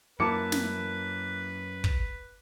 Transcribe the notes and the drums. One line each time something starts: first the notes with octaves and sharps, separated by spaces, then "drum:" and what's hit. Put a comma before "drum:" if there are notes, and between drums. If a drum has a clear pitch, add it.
F#2 A#3 E4 B4 A5 D6 C#7
drum: snare
drum: kick